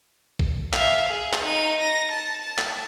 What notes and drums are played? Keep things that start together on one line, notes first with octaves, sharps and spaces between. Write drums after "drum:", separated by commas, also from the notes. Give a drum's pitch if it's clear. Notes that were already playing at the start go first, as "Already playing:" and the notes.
drum: kick A#1
E5 F5, drum: clap
G#4
drum: clap
D#4 D#7
A#6
A5
A5
drum: clap